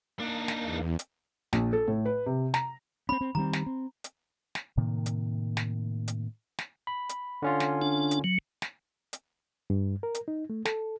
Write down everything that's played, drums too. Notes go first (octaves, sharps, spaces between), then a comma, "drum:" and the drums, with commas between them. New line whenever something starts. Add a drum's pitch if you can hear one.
A#3 D4 D#4
drum: snare
E2
drum: hi-hat
A#1, drum: snare
A4
A2
B4
C3
A#5, drum: snare
C4 C#4 B5
C4
D#3 G3 C4 A#5
drum: snare
C4
drum: hi-hat
drum: snare
A2 C3 D#3 A#3
drum: hi-hat
drum: snare
drum: hi-hat
drum: snare
B5
drum: hi-hat
D3 C#4 F4
drum: snare
D4
drum: hi-hat
F#3
drum: snare
drum: hi-hat
G2
A#4
drum: hi-hat
D#4
A3
A4, drum: snare